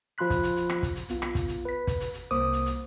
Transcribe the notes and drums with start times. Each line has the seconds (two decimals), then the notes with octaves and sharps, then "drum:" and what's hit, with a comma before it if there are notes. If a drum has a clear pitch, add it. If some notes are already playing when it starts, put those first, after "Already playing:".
0.18 F3 F4 B5 C6 F#6 B6
0.30 drum: kick, hi-hat
0.43 drum: hi-hat
0.56 drum: hi-hat
0.70 drum: rim click
0.83 drum: kick, hi-hat
0.96 drum: hi-hat
1.09 B1 B3 F4, drum: hi-hat
1.22 drum: rim click
1.35 drum: kick, hi-hat
1.48 drum: hi-hat
1.65 B4 B6
1.87 drum: kick, hi-hat
2.00 drum: hi-hat
2.14 drum: hi-hat
2.31 C2 A#3 C5 D6 D#6
2.53 drum: hi-hat
2.66 drum: hi-hat